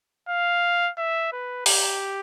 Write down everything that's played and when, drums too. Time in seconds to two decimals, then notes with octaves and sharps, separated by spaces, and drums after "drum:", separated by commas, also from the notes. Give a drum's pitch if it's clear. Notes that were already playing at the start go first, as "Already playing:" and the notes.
0.28 F5
0.97 E5
1.32 B4
1.66 G4, drum: open hi-hat